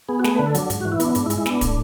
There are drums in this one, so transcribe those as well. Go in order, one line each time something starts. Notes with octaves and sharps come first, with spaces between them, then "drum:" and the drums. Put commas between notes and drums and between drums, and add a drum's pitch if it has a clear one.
B3 G#4
F#4
A3 G#4, drum: snare
D3 B4
A4
F#3 D4, drum: hi-hat
G#2, drum: hi-hat
E3 F#4
E4
B3 D4, drum: hi-hat
G#2 D4, drum: hi-hat
E4
G#3, drum: hi-hat
E4
B3 D4, drum: snare
A2, drum: kick, hi-hat